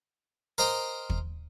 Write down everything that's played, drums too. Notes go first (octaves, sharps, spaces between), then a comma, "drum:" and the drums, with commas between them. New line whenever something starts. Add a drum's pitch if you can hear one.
A#4 C5 D#5 G5 A#5
drum: kick